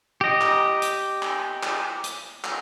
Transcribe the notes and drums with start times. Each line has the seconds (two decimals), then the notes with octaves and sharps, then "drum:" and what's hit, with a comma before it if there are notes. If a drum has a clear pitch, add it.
0.21 G4 D#5
0.41 drum: clap
0.82 drum: hi-hat
1.23 drum: clap
1.63 drum: clap
2.04 drum: hi-hat
2.44 drum: clap